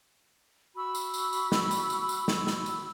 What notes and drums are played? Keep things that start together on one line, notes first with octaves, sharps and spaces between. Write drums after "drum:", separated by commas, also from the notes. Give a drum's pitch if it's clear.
F#4 B5 C#6 E6
drum: tambourine
drum: tambourine
drum: tambourine
drum: snare
drum: tambourine
drum: tambourine
drum: tambourine
drum: snare
drum: snare
drum: tambourine